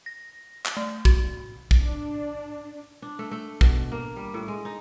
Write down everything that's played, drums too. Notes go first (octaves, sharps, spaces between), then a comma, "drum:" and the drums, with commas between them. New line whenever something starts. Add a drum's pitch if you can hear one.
A#6
drum: clap
A3
F#4, drum: kick
drum: kick
D4
D4
A3
A3
B2, drum: kick
A#3
G3
A2
G#3
D#4